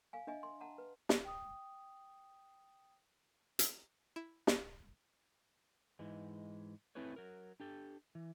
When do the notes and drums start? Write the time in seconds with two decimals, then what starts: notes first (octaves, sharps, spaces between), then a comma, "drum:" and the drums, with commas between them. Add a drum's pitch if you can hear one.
0.13 F5 G#5
0.27 D4 D#5 E5 G#5
0.43 C6
0.61 F#5 A5 A#5
0.78 B4
1.09 drum: snare
1.25 G5 D#6
3.59 drum: hi-hat
4.16 E4
4.47 drum: snare
5.99 G#2 E3 G#3
6.95 A3 C4 E4 G#4 B4 C#5
7.16 F#3 A#4
7.60 D4 G4 A4
8.15 E3